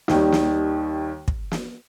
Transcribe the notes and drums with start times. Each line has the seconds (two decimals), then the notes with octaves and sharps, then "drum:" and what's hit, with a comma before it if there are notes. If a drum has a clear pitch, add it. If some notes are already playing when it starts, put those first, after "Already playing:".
0.08 D#2 D#3 G3, drum: snare
0.32 drum: snare
1.28 drum: kick
1.51 drum: snare